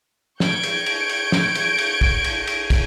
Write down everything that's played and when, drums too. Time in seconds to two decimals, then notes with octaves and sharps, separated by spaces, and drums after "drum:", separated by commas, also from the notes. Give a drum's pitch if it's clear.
0.40 C#6 G6 G#6 C#7 D7, drum: snare
0.63 drum: cymbal
0.86 drum: cymbal
1.09 drum: cymbal
1.32 drum: snare
1.55 drum: cymbal
1.78 drum: cymbal
2.01 drum: kick, cymbal
2.24 drum: cymbal
2.47 drum: cymbal
2.70 drum: kick, cymbal